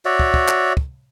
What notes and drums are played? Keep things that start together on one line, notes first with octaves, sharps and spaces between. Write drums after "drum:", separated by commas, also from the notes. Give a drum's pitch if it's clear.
F#4 C#5 D5 E5
drum: kick
drum: kick
drum: clap
drum: kick